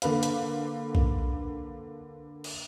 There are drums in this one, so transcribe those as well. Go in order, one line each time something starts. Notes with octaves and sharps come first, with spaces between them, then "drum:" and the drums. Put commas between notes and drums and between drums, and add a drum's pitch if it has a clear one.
D3 A#3 B4 F5, drum: hi-hat
drum: hi-hat
drum: kick B1
drum: cymbal